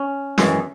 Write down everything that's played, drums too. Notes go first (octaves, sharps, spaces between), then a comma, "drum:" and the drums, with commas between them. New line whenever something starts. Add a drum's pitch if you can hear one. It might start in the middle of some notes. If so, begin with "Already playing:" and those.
Already playing: C#4
G#1 F#2 E3 G#3, drum: snare